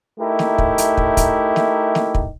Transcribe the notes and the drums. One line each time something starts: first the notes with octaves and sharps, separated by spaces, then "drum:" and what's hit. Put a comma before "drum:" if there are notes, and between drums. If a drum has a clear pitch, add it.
A3 D#4 E4 G4 A#4
drum: snare
drum: kick
drum: hi-hat
drum: kick
drum: kick, hi-hat
drum: snare
drum: snare
drum: kick